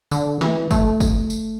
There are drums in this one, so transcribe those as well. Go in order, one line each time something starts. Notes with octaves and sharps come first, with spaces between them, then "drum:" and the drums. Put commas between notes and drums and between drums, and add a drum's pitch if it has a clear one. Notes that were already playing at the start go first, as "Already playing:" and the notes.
D3, drum: tambourine
E3, drum: snare
A3, drum: kick, tambourine
drum: kick, tambourine
drum: tambourine